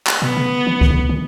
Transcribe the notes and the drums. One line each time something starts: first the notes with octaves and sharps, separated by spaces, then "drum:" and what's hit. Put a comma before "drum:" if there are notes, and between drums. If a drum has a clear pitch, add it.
drum: clap
B2 B3
C#3
E3
D#3, drum: kick C#2
C#3
D#3